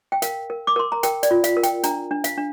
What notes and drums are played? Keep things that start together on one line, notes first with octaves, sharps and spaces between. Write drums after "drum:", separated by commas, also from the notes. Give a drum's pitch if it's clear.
G5
A#4 F5, drum: hi-hat
A#4
D6
A#4 C6
A#5
A#4 G5, drum: hi-hat
D5, drum: hi-hat
F4
F5, drum: hi-hat
A#4
G5, drum: hi-hat
D4 A#5, drum: hi-hat
D4
F5, drum: hi-hat
D4